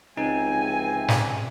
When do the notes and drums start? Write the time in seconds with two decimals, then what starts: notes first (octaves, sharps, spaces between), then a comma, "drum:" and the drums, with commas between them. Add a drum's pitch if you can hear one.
0.17 C#2 C3 E3 C4 D#4 G#5
1.08 drum: snare